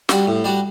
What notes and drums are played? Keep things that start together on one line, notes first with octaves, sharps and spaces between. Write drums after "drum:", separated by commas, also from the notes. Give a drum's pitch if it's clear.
G3 D4 F#4, drum: snare
A2
G3 D4 F#4